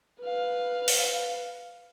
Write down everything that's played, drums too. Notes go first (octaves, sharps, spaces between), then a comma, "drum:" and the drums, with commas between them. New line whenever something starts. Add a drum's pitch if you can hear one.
B4 F5
drum: open hi-hat